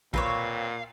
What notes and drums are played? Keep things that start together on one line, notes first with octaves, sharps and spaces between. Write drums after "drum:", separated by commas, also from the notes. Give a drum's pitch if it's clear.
A#2 C4 B4 C#5 F5, drum: kick